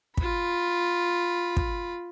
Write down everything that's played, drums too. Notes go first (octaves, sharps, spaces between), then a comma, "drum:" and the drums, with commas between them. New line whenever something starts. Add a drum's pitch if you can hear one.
F4 B5, drum: kick
drum: kick